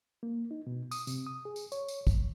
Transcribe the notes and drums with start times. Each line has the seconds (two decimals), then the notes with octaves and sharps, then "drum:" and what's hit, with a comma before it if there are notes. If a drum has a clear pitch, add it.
0.23 A#3
0.51 D#4
0.67 B2
0.91 D#6, drum: tambourine
1.07 C3, drum: tambourine
1.27 D#6
1.45 G#4
1.56 drum: tambourine
1.72 C#5, drum: tambourine
1.88 drum: tambourine
2.07 C#2, drum: kick, tambourine